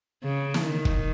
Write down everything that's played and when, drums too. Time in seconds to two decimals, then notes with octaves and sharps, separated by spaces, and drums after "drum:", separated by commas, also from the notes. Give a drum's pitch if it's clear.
0.24 C#3
0.54 drum: snare
0.70 D#3
0.85 drum: kick